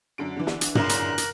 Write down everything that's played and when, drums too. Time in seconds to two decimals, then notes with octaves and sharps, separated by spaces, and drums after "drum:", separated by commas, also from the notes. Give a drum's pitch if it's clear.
0.18 F#2 D3 D7
0.36 D3 E3
0.47 drum: snare
0.61 drum: hi-hat
0.75 F#2 A#2 C#3 A#4 F#6, drum: tom
0.89 drum: hi-hat
1.18 drum: hi-hat